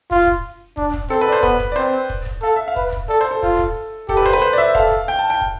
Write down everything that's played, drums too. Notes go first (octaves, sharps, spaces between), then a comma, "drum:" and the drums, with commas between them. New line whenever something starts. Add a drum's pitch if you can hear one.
F4, drum: kick
drum: kick
D4, drum: kick
drum: kick
C4 A4
B4
D5
C5
B3 B4, drum: kick
drum: kick
D5
C4 C5
drum: kick
drum: kick
A4 F5
E5
F5
B4, drum: kick
drum: kick
A4 D5
C5
A4
F4, drum: kick
drum: kick
G4 A4, drum: kick
B4
C5, drum: kick
B4
C5
D5
E5
A4 F5, drum: kick
drum: kick
G5
A5
G5
drum: kick